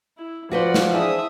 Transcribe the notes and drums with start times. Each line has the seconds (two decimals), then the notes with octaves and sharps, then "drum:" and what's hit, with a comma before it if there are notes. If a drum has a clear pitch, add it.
0.18 E4
0.51 F3 F#4 B4 C5 D5 F#5
0.74 drum: snare
0.92 E3 D4 G#4 C5 E5 D#6